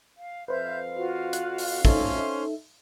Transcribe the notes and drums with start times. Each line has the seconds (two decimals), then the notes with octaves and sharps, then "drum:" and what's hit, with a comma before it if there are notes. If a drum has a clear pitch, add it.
0.17 F5
0.48 F2 B4 C5 E5 F5 G6
0.96 F4 F#4
1.33 F#6, drum: hi-hat
1.58 drum: open hi-hat
1.85 C#4 D#4 A4 C5 E5 C6, drum: kick